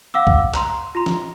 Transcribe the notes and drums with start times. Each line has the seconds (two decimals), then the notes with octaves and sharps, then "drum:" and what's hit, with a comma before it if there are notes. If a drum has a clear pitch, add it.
0.14 F5 F#5 D6 E6
0.27 drum: kick
0.54 A#5 C6, drum: clap
0.95 F4 A#5 C6
1.06 drum: snare